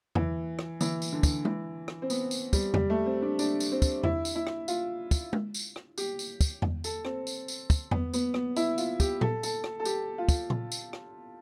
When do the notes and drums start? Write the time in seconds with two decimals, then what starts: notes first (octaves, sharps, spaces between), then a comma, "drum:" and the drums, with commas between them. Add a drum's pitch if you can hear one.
0.15 E3, drum: tom E2
0.59 drum: rim click
0.81 E3, drum: tambourine
1.02 drum: tambourine
1.12 D3
1.23 drum: kick, tambourine
1.45 E3, drum: tom G#3
1.88 drum: rim click
2.02 C4
2.10 B3, drum: tambourine
2.31 drum: tambourine
2.53 G3, drum: kick, tambourine
2.74 G3, drum: tom E2
2.90 A3
3.06 C4
3.22 D4
3.39 D4, drum: tambourine
3.60 drum: tambourine
3.72 C4
3.82 drum: kick, tambourine
4.03 E4, drum: tom E2
4.25 drum: tambourine
4.35 E4
4.47 drum: rim click
4.68 F4, drum: tambourine
5.11 drum: kick, tambourine
5.33 drum: tom G#3
5.54 drum: tambourine
5.76 drum: rim click
5.98 G4, drum: tambourine
6.19 drum: tambourine
6.41 drum: kick, tambourine
6.62 drum: tom E2
6.84 A4, drum: tambourine
7.05 C4, drum: rim click
7.27 drum: tambourine
7.48 drum: tambourine
7.70 drum: kick, tambourine
7.91 B3, drum: tom E2
8.13 B3, drum: tambourine
8.34 B3, drum: rim click
8.56 E4, drum: tambourine
8.78 F4, drum: tambourine
9.00 G4, drum: kick, tambourine
9.21 A4, drum: tom A#2
9.43 A4, drum: tambourine
9.64 drum: rim click
9.80 A4
9.85 G4, drum: tambourine
10.18 F4
10.29 drum: kick, tambourine
10.50 drum: tom A#2
10.72 drum: tambourine
10.93 drum: rim click